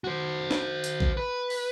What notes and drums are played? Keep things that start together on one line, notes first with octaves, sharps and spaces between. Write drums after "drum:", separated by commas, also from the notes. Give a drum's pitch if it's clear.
F#4 C5
drum: snare
drum: hi-hat
drum: kick A1
B4
drum: open hi-hat